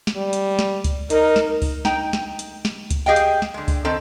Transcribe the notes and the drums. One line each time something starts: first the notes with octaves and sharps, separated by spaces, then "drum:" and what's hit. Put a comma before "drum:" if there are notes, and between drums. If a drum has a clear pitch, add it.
drum: snare
G3
drum: hi-hat
drum: snare
drum: kick C#2, hi-hat
D#4 A#4, drum: hi-hat
drum: snare
drum: kick C#2, open hi-hat
D#4 G5, drum: snare
drum: snare
drum: hi-hat
drum: snare
drum: kick C#2, hi-hat
G4 G#4 D#5 F5 G5
drum: hi-hat
drum: snare
D3 G#3
drum: kick C#2, open hi-hat
D#3 C4 A4